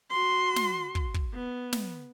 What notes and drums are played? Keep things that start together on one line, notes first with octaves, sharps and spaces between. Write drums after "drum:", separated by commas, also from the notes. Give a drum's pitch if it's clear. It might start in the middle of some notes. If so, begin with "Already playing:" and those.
F#4 C6
drum: snare
drum: kick
drum: kick
B3
drum: snare